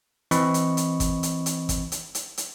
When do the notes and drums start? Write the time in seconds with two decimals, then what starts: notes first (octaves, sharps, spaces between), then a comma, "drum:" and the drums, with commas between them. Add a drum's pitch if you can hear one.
0.31 E3 C4 D#5 B5 C#6, drum: hi-hat
0.54 drum: hi-hat
0.77 drum: hi-hat
1.00 drum: kick G#1, hi-hat
1.23 drum: hi-hat
1.46 drum: hi-hat
1.69 drum: kick G#1, hi-hat
1.92 drum: hi-hat
2.15 drum: hi-hat
2.37 drum: hi-hat